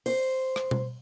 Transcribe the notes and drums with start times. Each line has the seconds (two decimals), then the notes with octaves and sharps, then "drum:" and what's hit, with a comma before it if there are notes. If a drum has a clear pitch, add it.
0.06 C5, drum: open hi-hat
0.56 drum: rim click
0.71 drum: tom B2